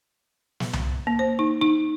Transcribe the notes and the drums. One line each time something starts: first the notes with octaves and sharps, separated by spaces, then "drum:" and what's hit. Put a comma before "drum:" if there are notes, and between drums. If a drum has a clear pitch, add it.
drum: snare
drum: tom C2
A#3
C5
D#4
D#4